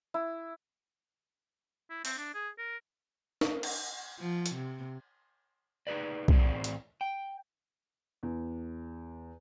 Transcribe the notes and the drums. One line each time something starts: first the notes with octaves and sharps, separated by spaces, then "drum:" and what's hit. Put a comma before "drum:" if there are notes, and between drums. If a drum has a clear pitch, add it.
E4
E4
C4, drum: open hi-hat
D4
G#4
A#4
drum: snare
drum: cymbal
F3
drum: hi-hat
C3
D#4 G#4 B4 D5
A2 E3 C4 G#4 D5, drum: kick B1
drum: hi-hat
G5
E2